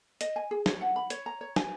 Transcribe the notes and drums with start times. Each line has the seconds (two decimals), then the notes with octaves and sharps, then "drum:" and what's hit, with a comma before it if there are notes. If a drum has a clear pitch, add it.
0.21 D#5, drum: hi-hat
0.36 G#5
0.51 G#4
0.66 C#5, drum: snare
0.81 F#5
0.96 B5
1.10 C#5, drum: hi-hat
1.26 A#5
1.41 C#5
1.56 G#5, drum: snare